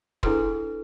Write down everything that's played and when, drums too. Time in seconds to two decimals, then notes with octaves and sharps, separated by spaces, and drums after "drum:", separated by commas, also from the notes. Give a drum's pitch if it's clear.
0.23 D4 E4 G#4 A4 B4 C6, drum: kick